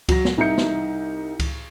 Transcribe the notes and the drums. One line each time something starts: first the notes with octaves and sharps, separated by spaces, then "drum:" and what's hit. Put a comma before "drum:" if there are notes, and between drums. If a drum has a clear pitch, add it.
F#3 A#6, drum: kick C#2, cymbal
drum: snare
C2 D#4 E5 G6 C#7
drum: snare
drum: kick C#2, cymbal